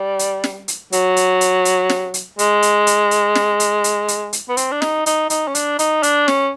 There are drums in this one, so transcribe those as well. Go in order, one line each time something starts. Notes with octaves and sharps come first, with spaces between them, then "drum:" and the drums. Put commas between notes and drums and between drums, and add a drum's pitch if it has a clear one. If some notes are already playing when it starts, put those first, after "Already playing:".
Already playing: G3
drum: hi-hat
drum: snare
drum: hi-hat
F#3, drum: hi-hat
drum: hi-hat
drum: hi-hat
drum: hi-hat
drum: snare
drum: hi-hat
G#3, drum: hi-hat
drum: hi-hat
drum: hi-hat
drum: hi-hat
drum: snare
drum: hi-hat
drum: hi-hat
drum: hi-hat
drum: hi-hat
B3
C4, drum: hi-hat
D4
D#4, drum: snare
D#4, drum: hi-hat
D#4, drum: hi-hat
C#4
D4, drum: hi-hat
D#4, drum: hi-hat
D4, drum: hi-hat
C#4, drum: snare